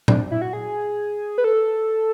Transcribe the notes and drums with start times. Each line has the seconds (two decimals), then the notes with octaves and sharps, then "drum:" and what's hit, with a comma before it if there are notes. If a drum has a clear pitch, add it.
0.08 D4, drum: tom A#2
0.31 E4
0.42 F#4
0.53 G#4
1.38 B4
1.44 A4